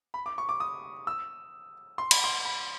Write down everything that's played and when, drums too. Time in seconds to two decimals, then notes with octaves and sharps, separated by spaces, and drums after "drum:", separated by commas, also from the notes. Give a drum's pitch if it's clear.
0.14 B5
0.26 D6
0.38 C#6
0.49 D6
0.60 D#6
1.07 E6
1.98 C6
2.11 B5, drum: cymbal
2.24 C6
2.45 B5